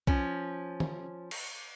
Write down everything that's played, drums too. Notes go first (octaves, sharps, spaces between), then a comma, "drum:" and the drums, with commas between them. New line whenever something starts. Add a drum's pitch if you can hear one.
F3 C#4, drum: kick B1
drum: tom
drum: cymbal